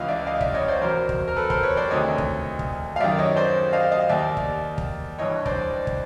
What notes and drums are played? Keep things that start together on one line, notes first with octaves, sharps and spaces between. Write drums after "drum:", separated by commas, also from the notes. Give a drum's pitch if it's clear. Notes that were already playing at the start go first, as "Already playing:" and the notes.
Already playing: C#2 C#3 E3 D#5 F5
D5 E5
D#5 F5
D5 E5, drum: kick
C#5 D#5
C5 D5
E2 B2 A#4 C5
drum: kick
A#4
A4 B4
A#4 C5, drum: kick
B4 C#5
C5 D5
D2 C3 D#3 C#5 D#5
drum: kick
drum: kick
F5
F#2 D#3 D5 E5
C#5 D#5
C5 D5
D#5 F5
D#5 F5
D#2 D#3 D5 E5
drum: kick
drum: kick
G2 E3 C#5 D#5
C5 D5, drum: kick
drum: kick